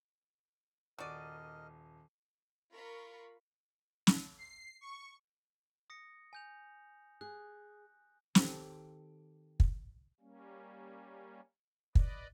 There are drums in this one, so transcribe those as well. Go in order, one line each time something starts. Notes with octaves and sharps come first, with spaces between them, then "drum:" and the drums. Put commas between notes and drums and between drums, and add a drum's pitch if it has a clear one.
D#1 F#4 A#4 D5 D#5 D#7
F4 A#4 B5 C#6
drum: snare
C7
C#6
D#6 A#6 C#7
G#5 G6 F7
G#4 F#6
D#3 C4 G4 A4, drum: snare
drum: kick
G3 A#3 C#4
B4 D5 D#5, drum: kick